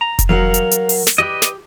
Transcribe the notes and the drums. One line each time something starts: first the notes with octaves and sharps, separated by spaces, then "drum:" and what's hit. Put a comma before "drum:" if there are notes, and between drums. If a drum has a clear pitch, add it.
A#5
drum: kick F1, hi-hat
F#3 A#4 F5 F#5
drum: hi-hat
drum: hi-hat
drum: open hi-hat
drum: snare
G4 B4 D5 D#5
drum: snare